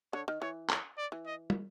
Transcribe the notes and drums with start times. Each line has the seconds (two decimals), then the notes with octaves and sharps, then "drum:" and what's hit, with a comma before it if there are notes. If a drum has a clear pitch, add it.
0.13 D3 C#5
0.28 D#3
0.41 E3 C#5
0.70 C#5, drum: clap
0.98 D5
1.12 E3
1.26 D#5
1.50 drum: tom